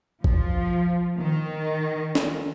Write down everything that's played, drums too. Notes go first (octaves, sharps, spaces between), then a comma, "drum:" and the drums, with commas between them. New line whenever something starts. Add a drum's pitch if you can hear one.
F3, drum: kick
D#3
drum: snare